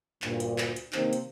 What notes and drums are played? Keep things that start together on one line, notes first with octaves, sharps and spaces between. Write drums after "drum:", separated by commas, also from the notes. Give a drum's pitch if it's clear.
D2 G2 A#2, drum: clap
drum: hi-hat
drum: clap
drum: hi-hat
C3 D#3 A#3 C4 D#4, drum: clap
drum: hi-hat